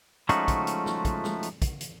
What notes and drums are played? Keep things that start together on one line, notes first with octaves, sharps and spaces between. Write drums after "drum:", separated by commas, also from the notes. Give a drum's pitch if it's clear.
F3 G#3 A3 C#4 D#4 F#4, drum: hi-hat
drum: kick, hi-hat
drum: hi-hat
drum: snare
drum: kick, hi-hat
drum: snare
drum: hi-hat
drum: kick, hi-hat
drum: hi-hat